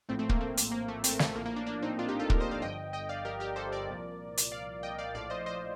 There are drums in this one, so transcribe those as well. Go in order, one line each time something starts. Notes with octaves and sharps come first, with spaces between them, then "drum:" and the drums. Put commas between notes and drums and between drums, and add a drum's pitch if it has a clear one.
A#1 A2 F3 A3 C4
A3 C4
A#3, drum: kick
A3 C4
drum: hi-hat
A#3
A3
A3 C4, drum: hi-hat
A3, drum: snare
A#1 A2 F3 A#3
A#3
A#3 D4
A#3 D4
C4 D#4
D4 F4
D#4 G4
F4 A4
G4 A#4, drum: kick
C5 D#5
D5 F5
G1 G2 D3 F3 D#5 G5
D#5 G5
D5 F5
G4 A#4
G4 A#4
A4 C5
A#4 D5
C2 A#2 F3
drum: hi-hat
D5 F5
D#5 G5
D5 F5
A#1 A2 F3 D5 F5
C5 D#5
C5 D#5